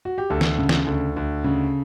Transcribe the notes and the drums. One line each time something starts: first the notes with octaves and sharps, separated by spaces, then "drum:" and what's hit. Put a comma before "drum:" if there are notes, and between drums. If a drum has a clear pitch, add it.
F#4
G4
D2 A4
drum: snare
C#3
drum: snare
D2
D2
C#3